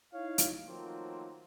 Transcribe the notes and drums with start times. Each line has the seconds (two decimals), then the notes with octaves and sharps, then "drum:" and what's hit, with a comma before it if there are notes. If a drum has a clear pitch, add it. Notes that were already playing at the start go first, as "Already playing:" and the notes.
0.13 D#4 E4 C#5 F5
0.38 drum: hi-hat
0.66 D#3 F3 F#3 A3 A#3 C4